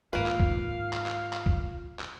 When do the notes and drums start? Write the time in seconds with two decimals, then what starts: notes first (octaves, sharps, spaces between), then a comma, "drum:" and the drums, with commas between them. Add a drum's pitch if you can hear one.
0.13 G#2 D#3 A#3 F4 B4 F5
0.26 drum: clap
0.40 drum: kick F1
0.93 drum: clap
1.06 drum: clap
1.33 drum: clap
1.46 drum: kick F1
1.99 drum: clap